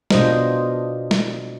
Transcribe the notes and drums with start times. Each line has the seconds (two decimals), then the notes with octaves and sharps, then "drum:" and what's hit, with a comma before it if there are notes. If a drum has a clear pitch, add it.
0.11 B2 D4 F4 G4 C5 D#5, drum: snare
1.11 drum: snare